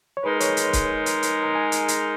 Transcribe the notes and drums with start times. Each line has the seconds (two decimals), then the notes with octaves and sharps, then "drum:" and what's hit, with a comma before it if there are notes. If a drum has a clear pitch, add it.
0.17 C#5
0.24 G#3 D#4 A#4 B4
0.40 C#5, drum: hi-hat
0.57 drum: hi-hat
0.73 drum: kick C#1, hi-hat
1.06 drum: hi-hat
1.23 drum: hi-hat
1.43 A#5
1.55 G#5
1.72 drum: hi-hat
1.88 drum: hi-hat